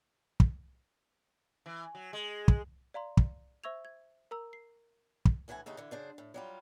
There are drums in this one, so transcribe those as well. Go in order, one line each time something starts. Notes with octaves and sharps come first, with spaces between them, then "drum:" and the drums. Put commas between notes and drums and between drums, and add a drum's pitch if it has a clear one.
drum: kick
E3
F#3
G#3
drum: kick
D5 F5 A#5 C6
drum: kick
C5 E5 C#6 E6 G#6 F7
G#6
A#4 A#5 E6
C7
drum: kick
D2 A2 E3 F#5 G#5
D#2 C#3 A3 D#4 F#4
D3 E3
F#2 C#3 D4 C5
A2
F#3 G3 F4